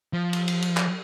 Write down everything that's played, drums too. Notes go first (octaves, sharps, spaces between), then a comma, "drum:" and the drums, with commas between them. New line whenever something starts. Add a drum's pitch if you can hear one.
F3
drum: cymbal
drum: cymbal
drum: cymbal
drum: clap